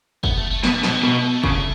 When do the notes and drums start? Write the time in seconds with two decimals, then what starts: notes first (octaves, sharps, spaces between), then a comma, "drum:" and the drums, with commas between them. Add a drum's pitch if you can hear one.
0.24 B3, drum: kick
0.37 A3
0.51 A3
0.63 B2 A3, drum: snare
0.74 G3
0.83 B2 E3, drum: snare
0.94 F#3
1.03 B2 A3
1.44 C#3, drum: kick